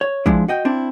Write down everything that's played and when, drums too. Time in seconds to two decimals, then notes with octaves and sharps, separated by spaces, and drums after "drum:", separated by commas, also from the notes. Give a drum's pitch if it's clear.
0.01 C#5
0.26 F3 G#3 D4 E4, drum: kick
0.48 F#4 D#5 G5
0.65 C4 D4 E4